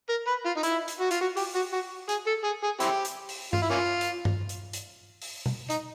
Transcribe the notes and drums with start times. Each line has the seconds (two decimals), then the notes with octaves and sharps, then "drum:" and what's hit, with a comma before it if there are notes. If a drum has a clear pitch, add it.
0.09 A#4
0.27 B4
0.45 F4
0.57 D#4
0.63 E4, drum: hi-hat
0.88 drum: hi-hat
1.00 F#4
1.11 F4, drum: hi-hat
1.21 F#4
1.37 G4, drum: open hi-hat
1.55 F#4
1.73 F#4
2.09 G#4, drum: hi-hat
2.27 A4
2.44 G#4
2.63 G#4
2.80 C4 E4 G4, drum: hi-hat
3.05 drum: hi-hat
3.29 drum: open hi-hat
3.53 F4, drum: tom G2
3.62 E4
3.70 A#3 C#4 F4
4.01 drum: hi-hat
4.25 drum: tom G2
4.49 drum: hi-hat
4.73 drum: hi-hat
5.22 drum: open hi-hat
5.46 drum: tom
5.70 D#4, drum: hi-hat